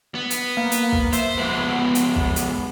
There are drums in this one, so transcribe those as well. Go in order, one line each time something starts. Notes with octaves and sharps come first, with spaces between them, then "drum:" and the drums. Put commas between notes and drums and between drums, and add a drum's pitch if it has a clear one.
B3
drum: hi-hat
A#3
drum: hi-hat
drum: kick
C5 E5, drum: hi-hat
F3 G#3 B3
drum: hi-hat
drum: kick
drum: hi-hat